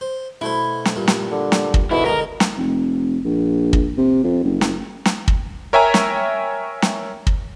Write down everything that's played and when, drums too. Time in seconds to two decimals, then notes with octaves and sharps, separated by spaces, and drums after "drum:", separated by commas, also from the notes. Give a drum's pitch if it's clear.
0.01 C5
0.41 B2 A3 E4 C5
0.85 drum: snare
0.96 G2 A#2
1.08 drum: snare
1.31 D3
1.52 drum: snare
1.74 drum: kick
1.91 G#2 B2 D3 E4
2.05 D3 G#3 A#4
2.40 drum: snare
2.57 F1
3.25 A#1
3.73 drum: kick
3.97 C3
4.24 F2
4.44 F#1
4.61 drum: snare
5.05 drum: snare
5.28 drum: kick
5.73 A#4 C#5 E5 G5 G#5 A#5
5.94 drum: snare
6.82 drum: snare
7.27 drum: kick